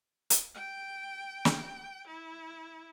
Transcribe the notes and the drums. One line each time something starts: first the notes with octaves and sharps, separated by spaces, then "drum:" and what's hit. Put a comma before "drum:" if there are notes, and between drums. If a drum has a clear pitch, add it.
drum: hi-hat
G5
drum: snare
E4